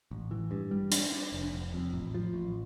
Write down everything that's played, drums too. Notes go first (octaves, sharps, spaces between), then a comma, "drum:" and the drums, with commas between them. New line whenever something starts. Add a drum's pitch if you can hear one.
A1
E3
G2
G3
D4, drum: hi-hat
D4
F1
F1
F2
A1
F3
A1